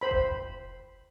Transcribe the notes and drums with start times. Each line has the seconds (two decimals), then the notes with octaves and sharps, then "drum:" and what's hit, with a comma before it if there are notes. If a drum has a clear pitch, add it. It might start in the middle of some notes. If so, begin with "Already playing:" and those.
0.01 C5 B5
0.11 drum: kick F1